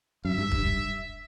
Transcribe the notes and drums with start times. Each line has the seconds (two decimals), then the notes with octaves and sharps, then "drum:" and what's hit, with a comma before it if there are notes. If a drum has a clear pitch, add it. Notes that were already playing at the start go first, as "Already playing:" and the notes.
0.25 F#2 E5
0.38 G2
0.51 G2, drum: kick